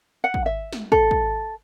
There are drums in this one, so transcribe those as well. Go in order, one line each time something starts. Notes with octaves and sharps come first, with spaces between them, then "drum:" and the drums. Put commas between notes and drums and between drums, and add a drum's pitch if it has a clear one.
F#5
drum: kick
E5
drum: snare
A4, drum: kick
drum: kick